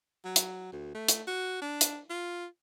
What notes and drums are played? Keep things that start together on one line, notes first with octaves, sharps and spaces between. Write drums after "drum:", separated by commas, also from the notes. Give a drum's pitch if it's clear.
F#3
drum: hi-hat
D2
A3
drum: hi-hat
F#4
D4
drum: hi-hat
F4